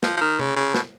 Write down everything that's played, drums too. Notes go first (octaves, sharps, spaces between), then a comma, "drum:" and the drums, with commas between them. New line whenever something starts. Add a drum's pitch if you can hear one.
F3, drum: snare
F3
D#3
C#3, drum: tom C3
C#3
B2, drum: snare